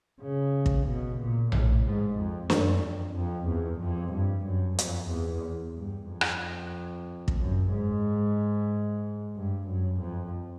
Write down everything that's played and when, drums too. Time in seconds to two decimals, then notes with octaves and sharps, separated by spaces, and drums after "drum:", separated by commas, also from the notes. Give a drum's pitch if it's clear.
0.21 C#3
0.66 drum: kick
0.87 B2
1.20 A#2
1.52 A2, drum: tom A#1
1.85 G#2
2.17 F2
2.50 F#2, drum: snare
2.83 F2
3.15 F2
3.48 E2
3.81 F2
4.13 G2
4.46 F#2
4.79 F2, drum: hi-hat
5.11 E2
5.76 G2
6.09 F2
6.21 drum: rim click
7.28 drum: kick
7.40 F#2
7.72 G#2
9.36 G2
9.68 F#2
10.01 F2